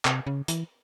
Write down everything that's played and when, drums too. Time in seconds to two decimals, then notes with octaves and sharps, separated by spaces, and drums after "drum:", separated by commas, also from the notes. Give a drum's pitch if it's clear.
0.05 C3, drum: clap
0.27 C#3
0.48 E3, drum: hi-hat